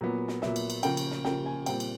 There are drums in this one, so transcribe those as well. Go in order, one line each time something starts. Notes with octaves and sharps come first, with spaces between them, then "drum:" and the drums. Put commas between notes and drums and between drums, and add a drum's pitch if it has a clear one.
A#2 F#3 B3
drum: snare
A#2 F#3 B3 E5, drum: snare
drum: cymbal
drum: cymbal
C#3 F3 A#3 G5, drum: cymbal
drum: cymbal
drum: snare
C#3 F3 A#3 G5, drum: snare
G#5
A#2 G3 C4 G5, drum: cymbal
drum: cymbal